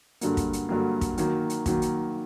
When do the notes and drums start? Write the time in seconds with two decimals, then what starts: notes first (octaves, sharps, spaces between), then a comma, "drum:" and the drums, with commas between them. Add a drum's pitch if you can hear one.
0.21 G2 D3 F#3 A#3, drum: hi-hat
0.37 drum: kick, hi-hat
0.53 drum: hi-hat
0.69 G2 D3 F#3 A#3
1.01 drum: kick, hi-hat
1.17 D#3 F#3 A#3, drum: hi-hat
1.50 drum: hi-hat
1.66 D#3 F#3 A#3, drum: kick, hi-hat
1.82 drum: hi-hat